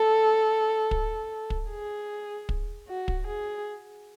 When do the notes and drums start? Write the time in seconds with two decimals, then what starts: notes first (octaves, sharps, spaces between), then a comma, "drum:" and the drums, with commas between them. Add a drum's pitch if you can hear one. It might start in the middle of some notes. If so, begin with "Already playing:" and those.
Already playing: A4
0.91 drum: kick
1.50 drum: kick
1.70 G#4
2.49 drum: kick
2.88 F#4
3.08 drum: kick
3.27 G#4